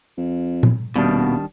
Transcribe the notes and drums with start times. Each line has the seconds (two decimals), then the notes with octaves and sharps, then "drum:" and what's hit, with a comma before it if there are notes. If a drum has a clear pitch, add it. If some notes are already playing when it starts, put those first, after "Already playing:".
0.17 F2
0.63 drum: tom A#2
0.96 D#1 B2 D#3 G3 D4